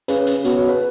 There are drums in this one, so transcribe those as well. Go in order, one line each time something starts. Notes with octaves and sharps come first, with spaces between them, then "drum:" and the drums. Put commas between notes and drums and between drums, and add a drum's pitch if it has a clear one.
C#3 B4, drum: hi-hat
drum: hi-hat
B2 C#5, drum: hi-hat
C#5
B4